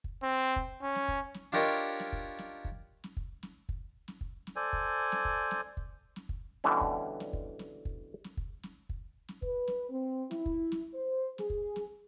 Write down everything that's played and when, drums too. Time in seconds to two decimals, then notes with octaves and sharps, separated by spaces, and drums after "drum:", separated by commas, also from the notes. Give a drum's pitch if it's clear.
0.04 drum: kick
0.23 C4
0.56 drum: kick
0.82 C#4
0.95 drum: snare
1.08 drum: kick
1.34 drum: snare
1.52 D4 F4 G4 A#4 C#5 D#5
1.99 drum: snare
2.12 drum: kick
2.39 drum: snare
2.65 drum: kick
3.04 drum: snare
3.17 drum: kick
3.43 drum: snare
3.69 drum: kick
4.08 drum: snare
4.21 drum: kick
4.47 drum: snare
4.56 A4 C5 D5 G#5
4.73 drum: kick
5.12 drum: snare
5.25 drum: kick
5.51 drum: snare
5.77 drum: kick
6.16 drum: snare
6.29 drum: kick
6.64 B2 D3 E3 G3 C#4
6.81 drum: kick
7.20 drum: snare
7.33 drum: kick
7.59 drum: snare
7.85 drum: kick
8.24 drum: snare
8.37 drum: kick
8.63 drum: snare
8.89 drum: kick
9.28 drum: snare
9.42 B4, drum: kick
9.68 drum: snare
9.89 C4
10.31 E4, drum: snare
10.46 drum: kick
10.72 drum: snare
10.94 C5
11.38 G#4, drum: snare
11.50 drum: kick
11.76 drum: snare